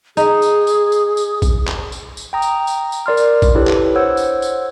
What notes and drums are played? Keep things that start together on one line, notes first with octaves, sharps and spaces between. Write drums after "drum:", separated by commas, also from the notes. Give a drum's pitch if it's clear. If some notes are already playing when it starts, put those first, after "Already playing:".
D#4 G#4, drum: tambourine
drum: tambourine
drum: tambourine
drum: tambourine
drum: tambourine
drum: kick A#1, tambourine
drum: clap
drum: tambourine
drum: tambourine
G5 A#5 D#6
drum: tambourine
drum: tambourine
drum: tambourine
A#4 D5 C6 F6
drum: tambourine
drum: kick A#1, tambourine
D4 E4 G4 A4 B4 C#5
drum: clap
C5 C#5 F#5 E6
drum: tambourine
drum: tambourine